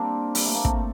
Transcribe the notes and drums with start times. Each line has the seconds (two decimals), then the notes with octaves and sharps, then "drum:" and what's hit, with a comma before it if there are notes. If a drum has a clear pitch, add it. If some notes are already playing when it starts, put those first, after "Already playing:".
Already playing: G3 A#3 C4 D4
0.35 G3, drum: open hi-hat
0.46 A3
0.55 A#3
0.65 A3 C4, drum: kick